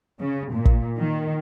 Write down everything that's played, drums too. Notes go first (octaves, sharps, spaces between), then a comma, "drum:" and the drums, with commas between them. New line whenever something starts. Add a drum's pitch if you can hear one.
C#3
A#2
drum: kick
D#3